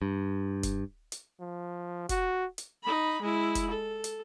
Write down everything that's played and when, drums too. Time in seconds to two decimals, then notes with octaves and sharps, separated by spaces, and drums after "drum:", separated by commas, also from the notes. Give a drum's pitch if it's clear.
0.02 G2
0.63 drum: kick, hi-hat
1.12 drum: hi-hat
1.40 F3
2.09 F#4, drum: kick, hi-hat
2.58 drum: hi-hat
2.83 D#4 B5
3.22 G#3 E4
3.55 drum: kick, hi-hat
3.71 A4
4.04 drum: hi-hat